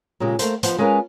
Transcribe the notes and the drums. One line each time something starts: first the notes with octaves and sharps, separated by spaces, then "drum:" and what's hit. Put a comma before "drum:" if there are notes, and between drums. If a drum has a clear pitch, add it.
A#2 C#3 G#3 G4
A3 A#3 C5, drum: hi-hat
F3 B3 C5, drum: hi-hat
G#3 C#4 F4 G#4 A#4 B4